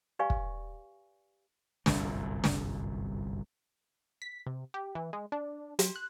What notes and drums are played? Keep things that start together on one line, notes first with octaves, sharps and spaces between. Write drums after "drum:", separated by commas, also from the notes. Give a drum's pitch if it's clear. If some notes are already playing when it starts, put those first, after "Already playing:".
G4 B4 D5 F5 G#5 C#6
drum: kick
G1 C2 F#2 A#2, drum: snare
drum: snare
B6
C3
G4
E3
G#3
D4
F#3, drum: hi-hat
F#6